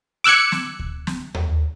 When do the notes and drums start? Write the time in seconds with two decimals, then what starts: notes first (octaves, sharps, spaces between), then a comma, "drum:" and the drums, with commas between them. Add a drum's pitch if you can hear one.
0.24 D6 E6 F#6 G#6 C#7
0.52 drum: snare
0.79 drum: kick D2
1.07 drum: snare
1.35 drum: tom D#2